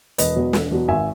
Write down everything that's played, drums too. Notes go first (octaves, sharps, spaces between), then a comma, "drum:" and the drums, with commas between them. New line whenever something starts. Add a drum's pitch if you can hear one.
E1 B4 D#5, drum: hi-hat
E2 B2 F#3
E1, drum: snare
E2 B2 F#3
G#1 E5 G#5